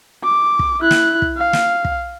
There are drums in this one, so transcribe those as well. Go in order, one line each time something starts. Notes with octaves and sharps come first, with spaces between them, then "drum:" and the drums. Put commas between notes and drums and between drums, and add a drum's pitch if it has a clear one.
D6
drum: kick
E4 F#6
drum: snare
drum: kick
F5
drum: snare
drum: kick